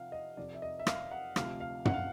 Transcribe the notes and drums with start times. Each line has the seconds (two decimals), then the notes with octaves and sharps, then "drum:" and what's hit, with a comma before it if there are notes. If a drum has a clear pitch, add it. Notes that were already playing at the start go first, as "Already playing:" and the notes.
Already playing: C3 F3 F5 F#5
0.12 D#5
0.37 F2 C3 F3 D5
0.54 E5
0.62 D#5
0.79 E5
0.87 F5, drum: rim click
1.11 F#5
1.36 D2 C3 F3 F5, drum: rim click
1.60 F5
1.85 F#5, drum: tom
1.93 F5